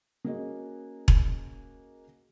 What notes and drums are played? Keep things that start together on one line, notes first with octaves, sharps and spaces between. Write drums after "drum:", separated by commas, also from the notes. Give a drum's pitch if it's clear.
A#3 C#4 F#4 G#4 D#5
drum: kick E1